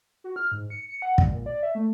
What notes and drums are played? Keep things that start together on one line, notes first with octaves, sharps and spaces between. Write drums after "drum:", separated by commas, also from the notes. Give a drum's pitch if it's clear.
F#4
F6
G#2
C#7
C#7
F#5
G3, drum: kick
A#2
D5
E5
A3